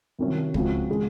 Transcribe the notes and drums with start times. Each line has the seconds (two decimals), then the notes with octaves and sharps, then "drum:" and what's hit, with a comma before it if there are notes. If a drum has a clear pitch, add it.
0.19 C2 C3 D#3 F#3 C#4
0.54 C#2 C#3 F3 C4 F#4, drum: kick
0.90 C#3 G#3